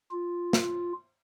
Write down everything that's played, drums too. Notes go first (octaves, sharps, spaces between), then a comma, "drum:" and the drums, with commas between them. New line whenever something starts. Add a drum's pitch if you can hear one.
F4
drum: snare